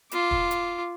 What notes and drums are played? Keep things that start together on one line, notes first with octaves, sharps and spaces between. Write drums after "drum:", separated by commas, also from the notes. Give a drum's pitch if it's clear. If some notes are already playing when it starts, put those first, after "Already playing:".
F4 D6, drum: hi-hat
drum: kick
drum: hi-hat